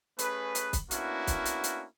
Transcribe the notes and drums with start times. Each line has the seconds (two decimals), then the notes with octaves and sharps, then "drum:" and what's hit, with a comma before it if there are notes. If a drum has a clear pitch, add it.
0.19 A3 C#4 G#4 B4, drum: hi-hat
0.55 drum: hi-hat
0.73 drum: kick, hi-hat
0.91 A#3 B3 C#4 D4 E4 F#4, drum: hi-hat
1.27 drum: kick, hi-hat
1.45 drum: hi-hat
1.64 drum: hi-hat